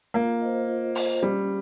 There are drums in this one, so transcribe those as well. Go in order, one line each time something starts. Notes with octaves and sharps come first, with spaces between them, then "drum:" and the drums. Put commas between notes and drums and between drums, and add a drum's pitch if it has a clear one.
A#3 F4
C5 D#5
F4
C5 D#5, drum: open hi-hat
G3 C#4